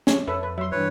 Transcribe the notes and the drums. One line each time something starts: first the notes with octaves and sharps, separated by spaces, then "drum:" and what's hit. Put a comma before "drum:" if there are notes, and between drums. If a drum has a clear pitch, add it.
C#5, drum: snare
F2 A4 B4 E5
B4
F#3 E5 C6
G2 E3 B4 C#5